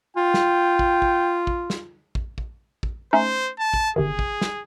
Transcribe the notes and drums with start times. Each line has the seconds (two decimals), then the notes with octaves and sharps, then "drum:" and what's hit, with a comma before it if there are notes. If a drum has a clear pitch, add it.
0.17 F4 G5
0.34 drum: snare
0.79 drum: kick
1.02 drum: kick
1.47 drum: kick
1.70 drum: snare
2.15 drum: kick
2.38 drum: kick
2.83 drum: kick
3.13 A3 C#4 D#4 C5
3.59 A5
3.74 drum: kick
3.96 G1 C3 D#3 G#4
4.19 drum: kick
4.41 drum: snare